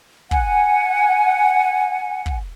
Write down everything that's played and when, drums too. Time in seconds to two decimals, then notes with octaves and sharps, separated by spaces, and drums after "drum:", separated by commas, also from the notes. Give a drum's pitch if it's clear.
0.31 F#5 G#5, drum: kick
2.26 drum: kick